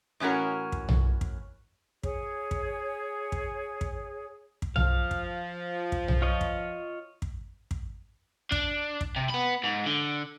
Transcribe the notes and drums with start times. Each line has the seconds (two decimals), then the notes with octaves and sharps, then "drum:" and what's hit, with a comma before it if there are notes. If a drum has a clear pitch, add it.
0.20 A2 E3 C#4 F#4 A#4
0.72 drum: kick
0.89 drum: tom B1
1.21 drum: kick
2.03 G#4 C#5, drum: kick
2.51 drum: kick
3.32 drum: kick
3.81 drum: kick
4.62 drum: kick
4.76 F3 F5, drum: tom B1
5.11 drum: kick
5.92 drum: kick
6.08 drum: tom B1
6.22 F4 C#5 D#5
6.41 drum: kick
7.22 drum: kick
7.71 drum: kick
8.52 D4, drum: kick
9.01 drum: kick
9.16 C3
9.30 B3 B5
9.64 G#2
9.87 D3